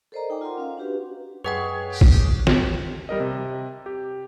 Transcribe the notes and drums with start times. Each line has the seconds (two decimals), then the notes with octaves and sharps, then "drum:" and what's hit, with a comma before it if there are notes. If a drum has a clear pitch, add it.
0.12 A4 A#4 C5 D5 D#5 A#5
0.30 D#4 G5 G#5 D6
0.41 F4 A#4 F#5 C6
0.58 C#4 F5
0.78 D4 F#4 G4 B4 E5
1.44 F#2 G#3 G#4 B4 C#5 F#5 G5
1.92 D4 G4
2.01 drum: kick A1
2.47 drum: snare
3.09 G3 A#4 D#5
3.20 C3
3.86 G4